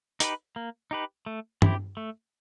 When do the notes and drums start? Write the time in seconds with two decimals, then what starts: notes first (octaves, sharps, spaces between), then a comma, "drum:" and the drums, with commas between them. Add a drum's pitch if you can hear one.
0.20 D#4 G4 B4, drum: hi-hat
0.56 A#3
0.91 D#4 G4 B4
1.26 A3
1.62 C4 E4 G4, drum: tom
1.97 A3